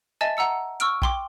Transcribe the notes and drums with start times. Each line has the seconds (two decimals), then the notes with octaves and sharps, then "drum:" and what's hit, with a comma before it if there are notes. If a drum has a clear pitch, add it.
0.21 D#5 E5 G#5 A5 A6
0.37 F#5 A#5 E6 C#7
0.80 C#6 E6 F6 D7, drum: hi-hat
1.02 G5 C6 D6, drum: kick A#1